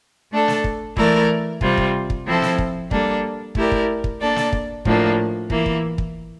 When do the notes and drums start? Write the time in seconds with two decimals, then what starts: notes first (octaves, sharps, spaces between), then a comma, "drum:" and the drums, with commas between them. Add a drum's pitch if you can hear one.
0.31 A3 D4 A4
0.48 drum: snare
0.64 drum: kick
0.97 E3 A3 E4 A#4 D5, drum: kick
1.61 C3 G3 C4 F4, drum: kick
1.77 drum: kick
2.10 drum: kick
2.26 F3 C4 E4 A4 C5
2.42 drum: snare
2.58 drum: kick
2.91 G3 A#3 D4 A4, drum: kick
3.55 A3 E4 G4 A#4 D5, drum: kick
3.72 drum: kick
4.04 drum: kick
4.20 A#3 D4 A4 D5
4.36 drum: snare
4.53 drum: kick
4.85 A2 F3 A#3 D4, drum: kick
5.50 E3 A#3 E4, drum: kick
5.66 drum: kick
5.98 drum: kick